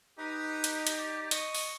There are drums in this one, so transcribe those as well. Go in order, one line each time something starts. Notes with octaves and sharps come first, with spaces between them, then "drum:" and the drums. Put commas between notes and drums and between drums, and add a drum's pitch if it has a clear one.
D#4 G4 B4
drum: hi-hat
drum: hi-hat
D5
D#5 C#6, drum: hi-hat
drum: open hi-hat